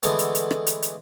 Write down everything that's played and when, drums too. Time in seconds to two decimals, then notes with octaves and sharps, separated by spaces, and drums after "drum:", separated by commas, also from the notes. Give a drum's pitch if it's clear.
0.03 D3 E3 G#3 A3 B3, drum: hi-hat
0.19 drum: hi-hat
0.35 drum: hi-hat
0.51 drum: rim click
0.67 drum: hi-hat
0.82 drum: hi-hat